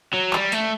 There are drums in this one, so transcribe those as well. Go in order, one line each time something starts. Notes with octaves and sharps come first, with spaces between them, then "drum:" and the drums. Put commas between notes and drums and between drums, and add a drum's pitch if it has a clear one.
F#3
G3, drum: clap
A3, drum: hi-hat